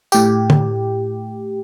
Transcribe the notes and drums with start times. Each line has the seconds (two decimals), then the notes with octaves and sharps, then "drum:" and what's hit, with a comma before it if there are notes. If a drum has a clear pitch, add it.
0.12 A2 G4, drum: tambourine
0.50 drum: tom